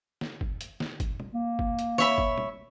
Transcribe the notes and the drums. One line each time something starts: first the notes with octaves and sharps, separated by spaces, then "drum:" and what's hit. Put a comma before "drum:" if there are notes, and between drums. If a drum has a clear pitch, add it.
drum: snare
drum: kick
drum: hi-hat
drum: snare
drum: kick, hi-hat
drum: tom
A#3
drum: kick
drum: hi-hat
C#5 E5 B5, drum: snare
drum: kick
drum: tom